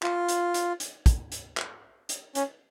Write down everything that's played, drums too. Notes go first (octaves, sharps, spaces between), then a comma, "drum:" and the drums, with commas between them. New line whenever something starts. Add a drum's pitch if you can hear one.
F4, drum: clap
drum: hi-hat
drum: hi-hat
drum: hi-hat
drum: kick, hi-hat
drum: hi-hat
drum: clap
drum: hi-hat
C#4, drum: hi-hat